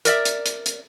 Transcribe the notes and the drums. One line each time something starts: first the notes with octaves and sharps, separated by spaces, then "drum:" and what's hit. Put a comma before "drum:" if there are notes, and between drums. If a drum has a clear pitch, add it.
A#4 D5 E5, drum: hi-hat
drum: hi-hat
drum: hi-hat
drum: hi-hat